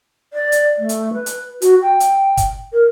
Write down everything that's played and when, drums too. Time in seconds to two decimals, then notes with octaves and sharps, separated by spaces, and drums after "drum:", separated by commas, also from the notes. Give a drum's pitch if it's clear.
0.33 D5
0.52 drum: hi-hat
0.78 A3
0.89 drum: hi-hat
1.13 B4
1.26 drum: hi-hat
1.62 F#4, drum: hi-hat
1.82 G5
2.00 drum: hi-hat
2.37 drum: kick, hi-hat
2.73 A#4